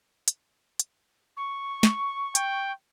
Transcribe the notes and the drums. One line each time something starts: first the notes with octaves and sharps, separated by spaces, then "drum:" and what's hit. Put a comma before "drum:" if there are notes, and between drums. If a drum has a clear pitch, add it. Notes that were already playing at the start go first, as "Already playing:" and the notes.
drum: hi-hat
drum: hi-hat
C#6
drum: snare
G5, drum: hi-hat